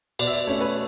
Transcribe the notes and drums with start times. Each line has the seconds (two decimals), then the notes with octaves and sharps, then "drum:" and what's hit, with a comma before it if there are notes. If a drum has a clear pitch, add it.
0.19 B2 D5, drum: cymbal
0.27 E5
0.33 D5
0.47 A3 C#4 C#5
0.61 B4